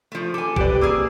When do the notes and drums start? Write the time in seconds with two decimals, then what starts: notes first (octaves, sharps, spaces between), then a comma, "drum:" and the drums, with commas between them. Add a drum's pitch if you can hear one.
0.12 F3 A3
0.34 A4 G#5 D6
0.56 C3 G4 B4 D5, drum: kick
0.81 A#3 G#4 D6 E6